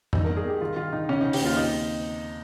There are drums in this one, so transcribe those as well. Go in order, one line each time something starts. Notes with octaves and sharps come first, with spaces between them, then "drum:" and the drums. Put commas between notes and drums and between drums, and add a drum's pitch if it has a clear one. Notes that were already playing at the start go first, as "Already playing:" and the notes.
G2 D#4, drum: tom F2
A#4
G2
G#4
G2 G4
D#3 F4
D#3 F4
D#3 D#4
C#3 C#4
D#4
C#3
G4, drum: open hi-hat
D#2 F4
C3 D#4